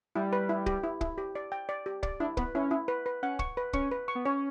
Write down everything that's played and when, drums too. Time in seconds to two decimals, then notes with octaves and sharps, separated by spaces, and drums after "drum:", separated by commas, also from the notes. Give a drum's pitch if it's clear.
0.15 G3 E4
0.33 B4
0.49 E4
0.66 G4, drum: kick
0.84 E4
1.01 E4, drum: kick
1.18 G4
1.35 D5
1.52 G5
1.69 D5
1.86 G4
2.03 D5, drum: kick
2.20 D4 E4
2.37 B3 B4, drum: kick
2.55 C#4 E4
2.71 E4
2.88 B4
3.06 B4
3.22 C#4 F#5
3.39 C#6, drum: kick
3.57 B4
3.73 C#4 C#6, drum: kick
3.92 B4
4.08 C#6
4.15 B3
4.25 C#4 C#5